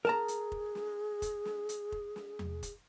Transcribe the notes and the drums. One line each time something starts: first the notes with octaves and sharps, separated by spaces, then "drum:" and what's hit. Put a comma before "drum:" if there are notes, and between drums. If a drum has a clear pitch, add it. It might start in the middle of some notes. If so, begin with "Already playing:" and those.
G#4 A#4 A5 A#5, drum: snare
drum: hi-hat
drum: kick F1
drum: snare
drum: kick F1, hi-hat
drum: snare
drum: hi-hat
drum: kick F1
drum: snare
drum: tom E2
drum: kick F1, hi-hat